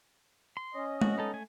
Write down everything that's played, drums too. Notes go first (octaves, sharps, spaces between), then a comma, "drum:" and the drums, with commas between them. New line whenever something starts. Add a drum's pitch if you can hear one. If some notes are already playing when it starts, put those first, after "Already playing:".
C6
C#4 D#5
F#4, drum: tom G#3
B3 D#4 A4
A3 G#5